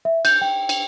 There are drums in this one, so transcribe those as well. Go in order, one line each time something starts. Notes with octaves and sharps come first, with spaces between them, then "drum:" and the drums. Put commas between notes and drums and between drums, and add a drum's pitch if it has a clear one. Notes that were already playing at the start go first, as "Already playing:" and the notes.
E5
G6, drum: cymbal
G5
drum: cymbal